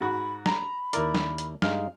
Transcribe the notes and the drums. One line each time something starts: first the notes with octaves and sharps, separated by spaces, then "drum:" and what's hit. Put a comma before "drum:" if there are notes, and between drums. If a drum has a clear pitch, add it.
G#2 F#4 B5
A#5 B5, drum: snare
D#2 E4 A#4 D5, drum: hi-hat
drum: snare
drum: hi-hat
G2 G#3 D#4 F5 F6, drum: snare